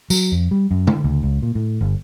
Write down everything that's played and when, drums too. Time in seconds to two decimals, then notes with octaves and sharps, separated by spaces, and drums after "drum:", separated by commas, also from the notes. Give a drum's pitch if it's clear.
0.10 F#3, drum: tambourine
0.32 F2
0.51 G3
0.71 F#2
0.87 D3, drum: tom
1.04 D2
1.23 C#2
1.42 A#2
1.55 A2
1.81 G1